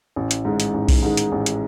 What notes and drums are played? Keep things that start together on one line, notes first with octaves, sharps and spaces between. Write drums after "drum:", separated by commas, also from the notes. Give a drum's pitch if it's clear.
A1
drum: hi-hat
G#2 D#3 G#3
drum: hi-hat
A1
drum: kick B1, open hi-hat
G#2 D#3 G#3
drum: hi-hat
A1
drum: hi-hat